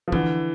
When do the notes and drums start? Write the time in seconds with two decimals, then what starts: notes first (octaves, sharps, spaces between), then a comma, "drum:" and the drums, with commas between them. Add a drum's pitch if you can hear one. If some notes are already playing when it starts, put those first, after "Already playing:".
0.08 F3
0.12 D3 E3, drum: kick